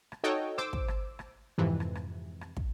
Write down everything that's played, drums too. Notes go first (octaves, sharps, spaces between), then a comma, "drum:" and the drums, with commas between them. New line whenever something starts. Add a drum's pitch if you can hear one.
drum: rim click
D#4 F#4 A4 C#5 D#5 G5
C5 D6 E6, drum: rim click
drum: kick
drum: rim click
drum: rim click
F2 G#2 C3 E3
drum: rim click
drum: rim click
drum: rim click
drum: kick